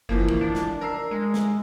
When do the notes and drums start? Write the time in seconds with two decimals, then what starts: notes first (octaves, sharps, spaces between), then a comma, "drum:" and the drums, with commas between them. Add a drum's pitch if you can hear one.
0.09 F#1 E3 F3 A#3
0.29 drum: kick
0.41 D4
0.55 drum: snare
0.81 A#4 E6 C7
1.11 G#3
1.34 drum: snare